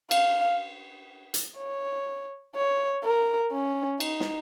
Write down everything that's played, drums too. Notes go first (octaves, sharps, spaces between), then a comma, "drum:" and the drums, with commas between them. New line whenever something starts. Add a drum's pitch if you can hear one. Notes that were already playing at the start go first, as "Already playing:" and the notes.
F5, drum: cymbal
drum: hi-hat
C#5
C#5
A#4
C#4
D#4, drum: cymbal
drum: snare